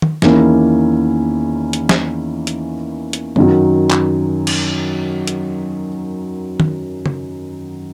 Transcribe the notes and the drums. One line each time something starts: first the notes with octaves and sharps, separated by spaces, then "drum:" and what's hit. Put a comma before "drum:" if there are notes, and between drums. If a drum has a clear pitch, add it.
drum: tom
E2 D#3 A#3 C#4 E4, drum: snare
drum: hi-hat
drum: snare
drum: hi-hat
drum: hi-hat
F#2 D#3 F#3, drum: tom
drum: clap
drum: cymbal
drum: hi-hat
drum: tom
drum: tom